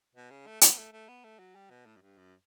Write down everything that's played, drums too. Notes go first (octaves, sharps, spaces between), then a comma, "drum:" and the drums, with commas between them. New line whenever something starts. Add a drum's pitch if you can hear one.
B2
C#3
A3
B3, drum: hi-hat
A3
A3
B3
A3
F#3
G3
B2
A2
F#2
G2
F#2